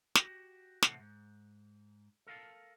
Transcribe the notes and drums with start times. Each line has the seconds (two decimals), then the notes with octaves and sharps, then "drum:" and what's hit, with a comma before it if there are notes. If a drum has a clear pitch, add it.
0.16 F#4 G4, drum: snare
0.83 A2 C3 E3 C4 A4 F#5, drum: snare
0.99 G#2
2.27 A4 A#4 F5 G#5 A5